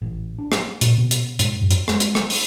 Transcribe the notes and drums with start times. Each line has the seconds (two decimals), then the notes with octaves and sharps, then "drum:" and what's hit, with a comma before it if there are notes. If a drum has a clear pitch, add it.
0.02 A1
0.39 D4
0.52 drum: rim click
0.81 A#2, drum: hi-hat
0.98 B2
1.11 drum: hi-hat
1.39 G#2, drum: hi-hat
1.61 F#2
1.71 drum: hi-hat
1.88 G#3, drum: rim click
2.00 drum: hi-hat
2.15 drum: rim click
2.30 drum: open hi-hat